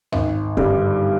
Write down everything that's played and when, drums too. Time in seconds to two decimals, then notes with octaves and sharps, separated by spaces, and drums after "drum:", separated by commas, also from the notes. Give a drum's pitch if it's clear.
0.12 G#1, drum: tom D2
0.57 G2 D3 G3, drum: kick